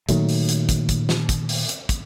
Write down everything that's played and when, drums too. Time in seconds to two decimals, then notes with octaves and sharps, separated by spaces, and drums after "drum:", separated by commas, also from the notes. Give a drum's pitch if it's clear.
0.09 A#2 D#3 F#3 A3, drum: kick, hi-hat
0.29 drum: open hi-hat
0.49 drum: hi-hat
0.69 drum: kick, hi-hat
0.89 drum: kick, hi-hat
1.09 drum: snare
1.29 drum: kick, hi-hat
1.49 drum: open hi-hat
1.69 drum: hi-hat
1.89 drum: kick, hi-hat